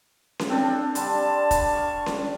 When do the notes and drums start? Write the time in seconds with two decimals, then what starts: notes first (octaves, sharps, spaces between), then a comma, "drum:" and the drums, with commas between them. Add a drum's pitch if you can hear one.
0.39 drum: snare C#4
0.49 C4 D4 A4 F5
0.95 D3 G3 A5 C6, drum: hi-hat
1.51 drum: kick, hi-hat
1.73 F5 C#6 D6
2.06 drum: snare C#4